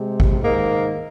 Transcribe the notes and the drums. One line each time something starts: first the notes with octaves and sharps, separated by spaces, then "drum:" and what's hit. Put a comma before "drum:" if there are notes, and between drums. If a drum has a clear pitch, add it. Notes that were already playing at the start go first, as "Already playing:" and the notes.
Already playing: C3 G#3
drum: kick
G#2 D#3 A#3